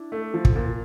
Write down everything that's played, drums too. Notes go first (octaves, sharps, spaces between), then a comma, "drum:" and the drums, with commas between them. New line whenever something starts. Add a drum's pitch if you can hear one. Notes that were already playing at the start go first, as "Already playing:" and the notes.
Already playing: D4 E4
A3
F3
drum: kick
A#2